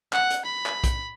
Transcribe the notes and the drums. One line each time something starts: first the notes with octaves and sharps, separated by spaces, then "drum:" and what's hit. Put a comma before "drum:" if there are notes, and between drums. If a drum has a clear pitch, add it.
F#5, drum: clap
drum: hi-hat
B5
drum: clap
drum: kick B1, hi-hat